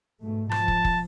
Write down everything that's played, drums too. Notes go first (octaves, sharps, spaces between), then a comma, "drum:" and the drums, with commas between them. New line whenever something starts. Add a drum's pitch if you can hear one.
G#2 B2 A3
F3 A5, drum: rim click
drum: kick
drum: kick